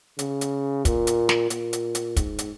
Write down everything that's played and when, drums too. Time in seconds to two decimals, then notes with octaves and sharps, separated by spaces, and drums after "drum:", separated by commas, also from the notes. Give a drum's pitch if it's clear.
0.19 C#3, drum: hi-hat
0.41 drum: hi-hat
0.85 A#2, drum: kick, hi-hat
1.07 drum: hi-hat
1.29 drum: snare
1.50 A#2, drum: hi-hat
1.73 drum: hi-hat
1.95 drum: hi-hat
2.16 G#2, drum: kick, hi-hat
2.39 drum: hi-hat